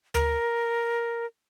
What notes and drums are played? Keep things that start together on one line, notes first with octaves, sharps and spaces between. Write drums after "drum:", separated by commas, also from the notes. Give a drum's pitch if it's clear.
A#4, drum: tom D2